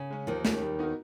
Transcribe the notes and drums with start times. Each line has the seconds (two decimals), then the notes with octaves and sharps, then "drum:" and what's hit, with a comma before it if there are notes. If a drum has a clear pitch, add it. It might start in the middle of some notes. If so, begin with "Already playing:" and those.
Already playing: C#3
0.10 G#3 C#4
0.27 D#2 D#3 F3
0.45 G#3 C#4, drum: snare
0.61 G3
0.79 B3 D#4 F#4 A#4